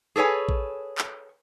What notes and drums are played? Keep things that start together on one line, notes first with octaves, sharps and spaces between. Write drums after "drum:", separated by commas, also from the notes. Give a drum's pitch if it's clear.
G#4 A4 B4 C#5 G#5
drum: kick A1
drum: clap